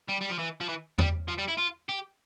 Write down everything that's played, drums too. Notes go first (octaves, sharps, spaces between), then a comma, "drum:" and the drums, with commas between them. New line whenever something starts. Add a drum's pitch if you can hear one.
G3
G3
F3
E3
F3
E3
G3, drum: tom E2
F3
G3
E4
F4
G4